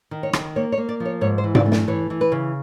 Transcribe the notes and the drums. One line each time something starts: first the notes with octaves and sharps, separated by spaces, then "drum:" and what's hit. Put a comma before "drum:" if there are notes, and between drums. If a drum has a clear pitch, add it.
D#3
C#5
D#3, drum: rim click
A#3 C#5
C#5
A#3
D5
F3
C#5
G#2 C#5
C5
E3
D5, drum: tom G#2
A3
D5, drum: snare
E3 C#5
E3
B4
C#3